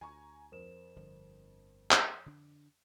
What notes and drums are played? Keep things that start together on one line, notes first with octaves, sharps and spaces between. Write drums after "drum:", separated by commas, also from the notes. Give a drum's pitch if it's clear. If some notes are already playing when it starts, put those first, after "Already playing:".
D2 G#5 A#5 C#6
F2 A#4 C5 E7
G1 D3 F3
drum: clap
D3 D4